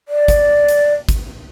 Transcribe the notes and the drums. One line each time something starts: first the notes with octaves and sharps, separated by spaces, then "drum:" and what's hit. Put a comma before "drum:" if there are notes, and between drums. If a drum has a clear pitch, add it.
D5
drum: kick, hi-hat
drum: hi-hat
drum: kick, hi-hat